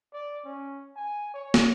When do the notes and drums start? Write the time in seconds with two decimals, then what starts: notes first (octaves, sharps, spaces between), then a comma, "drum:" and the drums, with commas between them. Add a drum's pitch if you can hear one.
0.13 D5
0.45 C#4
0.96 G#5
1.34 C#5
1.54 drum: snare